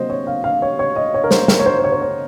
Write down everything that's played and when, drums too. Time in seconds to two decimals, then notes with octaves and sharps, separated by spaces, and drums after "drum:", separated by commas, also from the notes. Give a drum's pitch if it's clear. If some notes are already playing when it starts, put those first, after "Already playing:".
Already playing: C3 F#3 A#3 C5 D#5
0.10 C#5
0.27 F5
0.44 F5
0.62 C#5
0.79 C#5
0.96 D#5
1.14 C#5
1.24 A#4
1.31 C5, drum: snare
1.48 A#4, drum: snare
1.59 C#5
1.66 C5
1.79 C5
1.84 C#5
1.92 C5
2.01 C#5